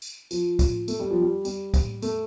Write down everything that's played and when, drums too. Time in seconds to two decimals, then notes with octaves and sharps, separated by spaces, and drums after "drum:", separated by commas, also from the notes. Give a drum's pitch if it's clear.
0.02 drum: tambourine
0.31 F3, drum: tambourine
0.59 drum: kick, tambourine
0.88 A3, drum: tambourine
0.99 G3
1.10 F3
1.21 G3
1.45 G3, drum: tambourine
1.74 drum: kick, tambourine
2.02 A3, drum: tambourine